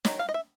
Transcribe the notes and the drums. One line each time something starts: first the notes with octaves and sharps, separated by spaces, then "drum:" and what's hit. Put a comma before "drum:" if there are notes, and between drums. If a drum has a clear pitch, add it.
D#3 F#3, drum: snare
F5
D#5
E5